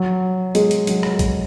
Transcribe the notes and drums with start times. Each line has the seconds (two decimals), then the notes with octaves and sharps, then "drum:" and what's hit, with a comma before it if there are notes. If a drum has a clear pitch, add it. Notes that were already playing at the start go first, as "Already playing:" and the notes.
Already playing: F#3
0.55 G#3, drum: hi-hat
0.71 drum: hi-hat
0.87 F#3, drum: hi-hat
1.03 drum: rim click
1.19 drum: kick, hi-hat